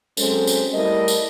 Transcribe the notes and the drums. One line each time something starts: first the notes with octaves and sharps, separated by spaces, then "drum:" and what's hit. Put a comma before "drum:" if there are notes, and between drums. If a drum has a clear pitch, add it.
F#3 G#3 C4 C#4 A4 C5, drum: tambourine
drum: tambourine
G3 A3 E4 A#4 D#5
drum: tambourine